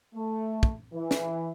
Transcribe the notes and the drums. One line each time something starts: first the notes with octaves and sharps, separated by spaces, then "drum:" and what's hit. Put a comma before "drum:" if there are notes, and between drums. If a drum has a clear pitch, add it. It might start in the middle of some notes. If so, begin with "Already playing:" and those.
A3
drum: kick
E3
drum: snare